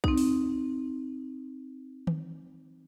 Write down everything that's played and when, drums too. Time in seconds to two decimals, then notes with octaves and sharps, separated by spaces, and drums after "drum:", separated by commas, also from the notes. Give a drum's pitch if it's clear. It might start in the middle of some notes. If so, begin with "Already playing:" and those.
0.04 C4 D#4, drum: kick
0.17 drum: open hi-hat
2.07 drum: tom D#3